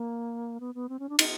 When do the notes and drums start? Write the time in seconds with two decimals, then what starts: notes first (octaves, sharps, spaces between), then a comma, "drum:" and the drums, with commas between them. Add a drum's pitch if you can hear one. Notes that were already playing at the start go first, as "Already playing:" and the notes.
Already playing: A#3
0.60 B3
0.75 B3
0.89 C4
0.99 C#4
1.09 D4
1.19 D#4, drum: cymbal